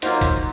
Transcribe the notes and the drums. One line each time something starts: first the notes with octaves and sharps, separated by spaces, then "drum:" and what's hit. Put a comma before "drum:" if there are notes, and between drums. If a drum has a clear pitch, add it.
F#3 A#3 D#4 F4 F#4 C5, drum: hi-hat
drum: kick, hi-hat